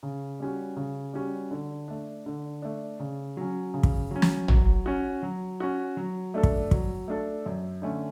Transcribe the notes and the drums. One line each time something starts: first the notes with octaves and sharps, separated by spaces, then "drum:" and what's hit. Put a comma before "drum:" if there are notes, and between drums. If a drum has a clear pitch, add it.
C#3
G3 C#4 F#4
C#3
G3 C#4 F#4
D3
A3 D4
D3
A3 D4
C#3
F#3 C#4
C#3
drum: kick
F#3 C#4
drum: snare
F#3, drum: tom
C#4 F#4
F#3
C#4 F#4
F#3
A3 D4 A4
drum: kick
F#3, drum: kick
A3 D4 A4
F#2
D3 A3 C#4